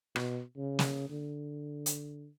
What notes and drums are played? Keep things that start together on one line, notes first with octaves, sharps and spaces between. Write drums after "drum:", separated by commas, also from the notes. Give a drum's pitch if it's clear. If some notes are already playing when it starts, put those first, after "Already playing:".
B2, drum: rim click
C#3
drum: snare
D3
drum: hi-hat